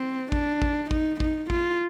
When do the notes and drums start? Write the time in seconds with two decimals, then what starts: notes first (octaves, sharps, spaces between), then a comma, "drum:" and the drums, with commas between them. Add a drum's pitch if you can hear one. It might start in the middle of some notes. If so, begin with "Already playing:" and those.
Already playing: C4
0.32 D4, drum: kick A1
0.62 drum: kick A1
0.91 D#4, drum: kick A1
1.20 D#4, drum: kick A1
1.50 F4, drum: kick A1